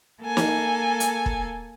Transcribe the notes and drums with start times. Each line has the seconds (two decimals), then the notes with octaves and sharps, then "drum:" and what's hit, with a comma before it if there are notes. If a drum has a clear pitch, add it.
0.23 A#3 A4 G#5
0.37 drum: snare
1.00 drum: hi-hat
1.26 drum: kick